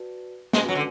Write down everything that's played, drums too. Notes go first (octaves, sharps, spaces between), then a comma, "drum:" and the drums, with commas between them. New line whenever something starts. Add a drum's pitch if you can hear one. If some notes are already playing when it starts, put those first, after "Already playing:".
Already playing: F#4 B4 D5 A5
G#3 C#4 F#4 B4, drum: snare
F#3
D3